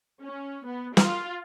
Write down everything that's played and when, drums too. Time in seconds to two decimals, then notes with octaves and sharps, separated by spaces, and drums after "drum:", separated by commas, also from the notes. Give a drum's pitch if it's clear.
0.22 C#4
0.66 B3
0.97 F4, drum: snare